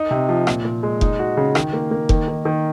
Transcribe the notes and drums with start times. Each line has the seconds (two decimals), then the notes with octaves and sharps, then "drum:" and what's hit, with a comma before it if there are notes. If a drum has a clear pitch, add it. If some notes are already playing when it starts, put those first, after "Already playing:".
Already playing: D#4
0.11 C3
0.29 F3
0.47 A#2, drum: rim click
0.65 A#2
0.83 G#3
1.01 D#4, drum: kick F1
1.19 F#4
1.37 C#3
1.55 D#3, drum: rim click
1.73 A#3
1.91 A#3
2.09 D#3, drum: kick F1
2.28 D#3
2.45 D#3